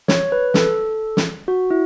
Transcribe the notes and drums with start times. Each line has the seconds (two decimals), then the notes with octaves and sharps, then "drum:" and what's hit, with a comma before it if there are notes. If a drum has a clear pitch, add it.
0.08 C#5, drum: snare
0.32 B4
0.54 A4, drum: snare
1.17 drum: snare
1.48 F#4
1.71 E4